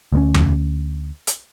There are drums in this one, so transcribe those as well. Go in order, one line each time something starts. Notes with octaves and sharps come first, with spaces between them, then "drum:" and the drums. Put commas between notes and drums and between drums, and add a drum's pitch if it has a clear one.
D2 A3 C#4
drum: tom E2
drum: hi-hat